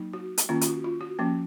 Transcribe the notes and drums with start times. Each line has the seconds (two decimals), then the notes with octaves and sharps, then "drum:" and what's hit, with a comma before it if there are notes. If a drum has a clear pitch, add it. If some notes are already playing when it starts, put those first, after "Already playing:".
Already playing: F#3 A#3 D#4
0.13 F#4
0.38 drum: hi-hat
0.49 D#3 A#3 C#4 F4
0.61 F4, drum: hi-hat
0.67 F#4
0.84 F4
1.01 F#4
1.19 F3 A#3 C#4